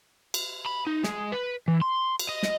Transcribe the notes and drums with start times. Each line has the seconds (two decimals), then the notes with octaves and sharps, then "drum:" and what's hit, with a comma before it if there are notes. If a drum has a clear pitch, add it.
0.34 drum: cymbal
0.66 B5
0.87 D#4
1.04 G#3, drum: snare
1.32 B4
1.68 E3
1.82 C6
2.19 drum: cymbal
2.29 D#5
2.43 drum: snare